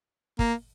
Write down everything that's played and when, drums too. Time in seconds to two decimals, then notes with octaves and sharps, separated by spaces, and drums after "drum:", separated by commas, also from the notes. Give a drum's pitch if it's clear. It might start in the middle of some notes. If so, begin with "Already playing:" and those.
0.39 A#3, drum: kick